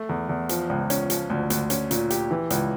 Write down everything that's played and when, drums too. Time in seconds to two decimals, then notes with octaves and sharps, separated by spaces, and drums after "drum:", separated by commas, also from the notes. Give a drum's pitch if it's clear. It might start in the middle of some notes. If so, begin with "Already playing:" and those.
Already playing: A3
0.09 E2
0.29 E2
0.49 F3, drum: hi-hat
0.69 C#2
0.90 C#4, drum: hi-hat
1.10 F3, drum: hi-hat
1.30 D2
1.50 D2, drum: hi-hat
1.70 C#4, drum: hi-hat
1.91 A#2, drum: hi-hat
2.10 G4, drum: hi-hat
2.31 E3
2.50 C#2, drum: hi-hat